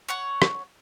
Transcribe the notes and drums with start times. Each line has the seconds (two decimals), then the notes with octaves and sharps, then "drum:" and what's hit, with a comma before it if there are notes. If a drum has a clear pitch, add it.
0.09 C#5 F#5 C#6
0.42 drum: rim click